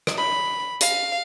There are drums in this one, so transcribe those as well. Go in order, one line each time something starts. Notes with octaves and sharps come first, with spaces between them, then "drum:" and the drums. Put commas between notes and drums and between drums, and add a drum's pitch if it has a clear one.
drum: rim click
B5
F5, drum: hi-hat